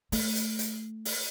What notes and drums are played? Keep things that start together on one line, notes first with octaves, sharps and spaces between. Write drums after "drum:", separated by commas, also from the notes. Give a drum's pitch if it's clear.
A3, drum: open hi-hat
drum: hi-hat
drum: hi-hat
drum: open hi-hat